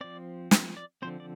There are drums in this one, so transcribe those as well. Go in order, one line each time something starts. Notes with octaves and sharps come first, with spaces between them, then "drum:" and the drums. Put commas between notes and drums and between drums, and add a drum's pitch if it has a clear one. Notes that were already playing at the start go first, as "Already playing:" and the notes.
F3 C4 D5
C5, drum: snare
D5
D3 F3 C4 C5
D5